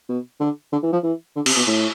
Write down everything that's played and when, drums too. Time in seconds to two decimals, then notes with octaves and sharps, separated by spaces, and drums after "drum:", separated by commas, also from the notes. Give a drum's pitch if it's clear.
0.09 B2
0.40 D3
0.72 D3
0.83 E3
0.93 F3
1.03 E3
1.36 D3
1.46 C3, drum: cymbal
1.57 B2
1.67 A2